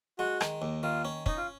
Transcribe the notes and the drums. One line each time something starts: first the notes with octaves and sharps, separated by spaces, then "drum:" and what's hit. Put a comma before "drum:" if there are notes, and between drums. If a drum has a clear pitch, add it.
G#3 F#4
D#3, drum: rim click
D#2
D#3 F4
C#4
C#4 D#4, drum: kick
F4